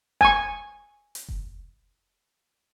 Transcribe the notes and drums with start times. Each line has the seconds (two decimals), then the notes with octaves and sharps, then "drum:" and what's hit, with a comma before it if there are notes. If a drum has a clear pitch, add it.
0.21 G#5 C#6, drum: kick F1
1.15 drum: hi-hat
1.29 drum: kick F1